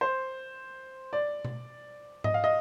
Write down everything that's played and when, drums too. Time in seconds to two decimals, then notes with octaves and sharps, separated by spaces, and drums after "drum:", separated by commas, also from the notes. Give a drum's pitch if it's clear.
0.01 C5
1.13 D5
1.45 drum: tom B2
2.24 D#5, drum: tom G#2
2.34 F5
2.44 D#5